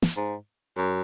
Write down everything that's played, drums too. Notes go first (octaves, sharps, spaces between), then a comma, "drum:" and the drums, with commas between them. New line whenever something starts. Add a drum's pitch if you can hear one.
drum: snare
G#2
F#2